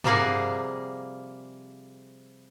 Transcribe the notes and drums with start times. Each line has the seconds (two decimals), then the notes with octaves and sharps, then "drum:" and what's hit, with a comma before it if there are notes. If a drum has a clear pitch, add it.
0.04 C3 F3 G3 A#3 G#4 F#5, drum: tom G2